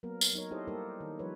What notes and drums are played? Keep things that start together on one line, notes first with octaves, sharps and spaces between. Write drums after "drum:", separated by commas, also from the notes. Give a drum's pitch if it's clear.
F#3 A#3 B3 A#4
drum: tambourine
F#3 D#4 A#4 C#5
D#4 E4 G4 A4 C5 D#5
G3 A#3 D#4 G4 A4 A#4
D#3
F3 G3 B4 C#5